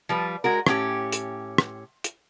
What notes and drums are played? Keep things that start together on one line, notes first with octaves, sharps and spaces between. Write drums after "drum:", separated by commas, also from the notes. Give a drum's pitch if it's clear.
F3 G3 B4
G#3 F#4 A#4
A2 C#4 G4, drum: rim click
drum: hi-hat
drum: rim click
drum: hi-hat